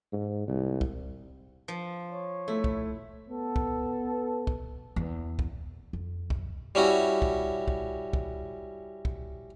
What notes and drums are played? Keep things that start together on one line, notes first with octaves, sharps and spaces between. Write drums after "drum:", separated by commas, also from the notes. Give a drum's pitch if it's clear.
G#2
C2
drum: kick
F3
C#5
A3 E4
drum: kick
B3 A4
drum: kick
drum: kick
E2
drum: kick
F2
drum: kick
G3 C#4 E4 F#4
drum: kick
drum: kick
drum: kick
drum: kick